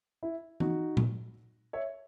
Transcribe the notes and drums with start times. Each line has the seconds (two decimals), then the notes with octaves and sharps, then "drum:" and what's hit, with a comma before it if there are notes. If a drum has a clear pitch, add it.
0.23 E4
0.60 D#4 F#4, drum: tom E3
0.97 drum: tom A#2
1.73 C#5 E5